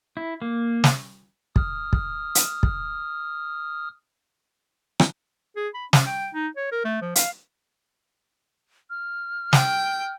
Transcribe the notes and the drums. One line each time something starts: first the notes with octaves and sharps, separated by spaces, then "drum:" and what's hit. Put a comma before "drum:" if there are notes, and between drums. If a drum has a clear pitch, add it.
E4
A#3
drum: snare
D#6 F6, drum: kick
drum: kick
drum: hi-hat
drum: kick
drum: rim click
G#4
B5
C#4, drum: snare
G5
D#4
C#5
A#4
A3
F3
F5, drum: hi-hat
F6
G5, drum: snare